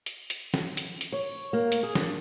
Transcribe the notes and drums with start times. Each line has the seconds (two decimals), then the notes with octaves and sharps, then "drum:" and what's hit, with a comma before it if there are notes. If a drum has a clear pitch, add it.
0.06 drum: hi-hat
0.30 drum: hi-hat
0.54 drum: snare
0.77 drum: hi-hat
1.01 drum: hi-hat
1.12 C#5
1.53 A#3
1.72 drum: hi-hat
1.83 G#4
1.95 D4, drum: snare